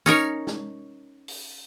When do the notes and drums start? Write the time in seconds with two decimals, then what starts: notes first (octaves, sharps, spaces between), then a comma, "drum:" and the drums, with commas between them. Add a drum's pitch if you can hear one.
0.06 C#4 D#4 A#4 C#5, drum: tambourine
0.47 drum: snare
1.28 drum: open hi-hat